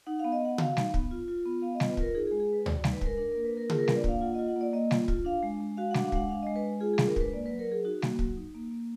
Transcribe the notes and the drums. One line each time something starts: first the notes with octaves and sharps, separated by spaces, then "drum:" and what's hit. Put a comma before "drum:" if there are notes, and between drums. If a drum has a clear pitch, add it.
D#4 F#5
F5
B3
D#5
B3 F#5
F#4 F5, drum: tom C#3
D#4, drum: snare G3
B3, drum: kick
F4
F4
B3
B3 F5
D#5
F4, drum: snare G3
B4
F4 A#4, drum: kick
D#4 G#4
G#4
G#3
G#4
G#3 B4
F#4 D5, drum: tom D2
D#4, drum: snare G3
B4
G#3 A#4, drum: kick
D4 A#4
A#4
A#3
B4
A#3 A#4
F4 G#4, drum: tom C#3
A#4
B4
D4, drum: snare G3
D5
A#3 F5, drum: kick
F4 F#5
D#5
F4
F#5
A#3 D5
A#3 D#5
F4, drum: snare G3
F4, drum: kick
D4 F5
G#3
G#3
F#4 F5
F#5
D4, drum: snare G3
F5
G#3 F#5, drum: kick
D4 F5
D#5
G#3
B4
G#3
F4 G#4
G#4
D4, drum: snare G3
A#4
G#3 B4, drum: kick
A#3 D5
B4
F#3
A#4
F#3 G#4
D#4 F#4
A#3, drum: snare G3
F#3, drum: kick
D#4
A#3
A#3